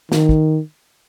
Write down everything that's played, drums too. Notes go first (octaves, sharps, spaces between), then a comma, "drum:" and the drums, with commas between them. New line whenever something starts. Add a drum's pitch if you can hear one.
D#3, drum: snare
drum: kick